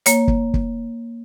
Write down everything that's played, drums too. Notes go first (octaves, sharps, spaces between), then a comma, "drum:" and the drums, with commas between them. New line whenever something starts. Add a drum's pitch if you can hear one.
A#3 C#5, drum: hi-hat
drum: kick
drum: kick